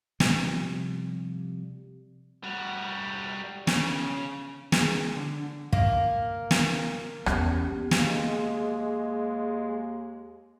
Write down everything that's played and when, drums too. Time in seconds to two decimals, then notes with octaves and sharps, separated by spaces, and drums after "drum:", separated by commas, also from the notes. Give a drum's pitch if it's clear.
0.20 C3 F3 G3, drum: snare
2.44 G3 F#4
3.67 C#3, drum: snare
4.72 G#3, drum: snare
5.16 D3
5.73 A#3, drum: kick
6.51 drum: snare
7.26 E2 B3 C#4 G4, drum: rim click
7.91 D#2 G#3, drum: snare